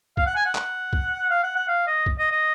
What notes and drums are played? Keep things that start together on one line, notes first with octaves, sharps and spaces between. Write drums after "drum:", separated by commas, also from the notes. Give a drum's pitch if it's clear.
F5, drum: kick C#2
F#5
G#5
F#5
drum: clap
drum: kick C#2
F5
F#5
F#5
F5
D#5
drum: kick C#2
D#5
D#5